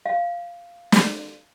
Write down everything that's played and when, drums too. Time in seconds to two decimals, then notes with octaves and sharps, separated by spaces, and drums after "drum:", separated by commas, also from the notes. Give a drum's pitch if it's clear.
0.06 F5
0.92 drum: snare